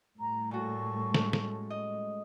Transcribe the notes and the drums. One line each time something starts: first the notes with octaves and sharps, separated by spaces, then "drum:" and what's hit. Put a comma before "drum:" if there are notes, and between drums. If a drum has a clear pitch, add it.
A2 G3 A#5
A#2 F#4 A4 A5 C#6
G#3 A3 C#4, drum: snare
drum: snare
D#5